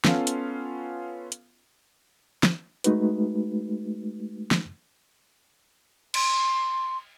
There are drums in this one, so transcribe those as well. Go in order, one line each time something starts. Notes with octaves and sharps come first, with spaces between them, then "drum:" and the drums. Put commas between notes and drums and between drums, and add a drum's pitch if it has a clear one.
B3 C#4 F4 A4 F5, drum: snare
drum: hi-hat
drum: hi-hat
drum: snare
G#3 A3 D#4 F#4 B4, drum: hi-hat
drum: snare
C6, drum: cymbal